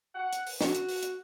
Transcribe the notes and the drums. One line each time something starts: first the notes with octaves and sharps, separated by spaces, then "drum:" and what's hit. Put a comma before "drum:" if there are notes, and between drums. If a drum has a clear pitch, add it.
F#5
drum: hi-hat
drum: open hi-hat
F#4, drum: snare
drum: hi-hat
drum: open hi-hat
drum: hi-hat